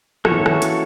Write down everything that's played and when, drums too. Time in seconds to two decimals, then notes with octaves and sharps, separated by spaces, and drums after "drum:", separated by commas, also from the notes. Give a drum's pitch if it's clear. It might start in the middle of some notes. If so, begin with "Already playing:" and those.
0.25 F3 A#3 C#4 F#4 A4 C#5, drum: rim click
0.32 E3
0.39 D#3
0.46 E3, drum: rim click
0.62 drum: hi-hat